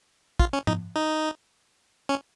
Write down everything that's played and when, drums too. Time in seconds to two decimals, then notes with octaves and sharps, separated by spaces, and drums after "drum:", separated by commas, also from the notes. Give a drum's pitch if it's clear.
0.39 F4, drum: kick
0.53 C#4
0.67 D#4, drum: tom
0.96 D#4
2.09 C#4